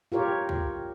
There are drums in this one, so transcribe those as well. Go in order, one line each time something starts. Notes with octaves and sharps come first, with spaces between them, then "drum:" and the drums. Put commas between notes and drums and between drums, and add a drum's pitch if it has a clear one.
F4 G4 A#4 C#5
drum: kick